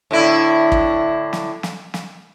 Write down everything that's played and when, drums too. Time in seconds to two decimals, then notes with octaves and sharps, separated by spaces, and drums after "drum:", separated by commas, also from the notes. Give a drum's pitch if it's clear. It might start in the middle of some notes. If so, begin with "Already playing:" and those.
0.11 A2 D3 E4
0.72 drum: kick
1.33 drum: snare
1.63 drum: snare
1.94 drum: snare